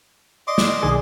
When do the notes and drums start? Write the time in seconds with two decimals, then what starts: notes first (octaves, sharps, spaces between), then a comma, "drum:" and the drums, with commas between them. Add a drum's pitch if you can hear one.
0.47 D5 D#5 C6 D6
0.58 drum: snare
0.83 B1 D#3 G#4